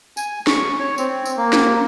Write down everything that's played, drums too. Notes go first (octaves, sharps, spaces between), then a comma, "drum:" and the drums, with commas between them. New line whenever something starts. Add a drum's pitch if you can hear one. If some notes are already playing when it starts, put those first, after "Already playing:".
G#5, drum: tambourine
C#6, drum: snare
C#5
C4, drum: tambourine
drum: tambourine
A#3
drum: snare